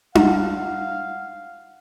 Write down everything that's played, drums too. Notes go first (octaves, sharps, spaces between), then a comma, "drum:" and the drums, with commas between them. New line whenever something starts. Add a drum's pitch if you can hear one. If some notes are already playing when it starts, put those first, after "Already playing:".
F5 F#5, drum: tom D4